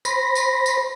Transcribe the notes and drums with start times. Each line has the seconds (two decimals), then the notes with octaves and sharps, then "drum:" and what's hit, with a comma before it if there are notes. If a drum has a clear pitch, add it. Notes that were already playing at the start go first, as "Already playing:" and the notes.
0.05 C5 B5 A#6, drum: tambourine
0.35 drum: tambourine
0.66 drum: tambourine